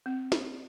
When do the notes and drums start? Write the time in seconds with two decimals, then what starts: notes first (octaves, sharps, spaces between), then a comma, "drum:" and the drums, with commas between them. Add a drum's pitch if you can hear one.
0.06 C4
0.32 drum: snare